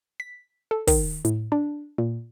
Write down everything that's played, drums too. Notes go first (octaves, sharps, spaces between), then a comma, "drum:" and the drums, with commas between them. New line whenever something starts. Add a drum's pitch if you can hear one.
B6
A4
D#3, drum: kick, open hi-hat
A2, drum: hi-hat
D4
A#2